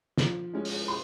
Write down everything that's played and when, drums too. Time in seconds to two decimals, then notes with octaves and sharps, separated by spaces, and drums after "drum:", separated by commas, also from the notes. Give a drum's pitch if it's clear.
0.18 F3, drum: snare
0.53 G#3 C#4
0.65 drum: open hi-hat
0.88 C6